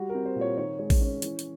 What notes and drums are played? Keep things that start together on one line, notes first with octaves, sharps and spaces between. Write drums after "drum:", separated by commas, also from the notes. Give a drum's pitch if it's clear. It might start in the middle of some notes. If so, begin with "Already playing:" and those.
Already playing: G3 F#4
A#4
C4
C5
A#2
C#5
D#3 C#5
G#3 C#5
drum: kick A1, open hi-hat
C#4 C#5
E3, drum: hi-hat
drum: hi-hat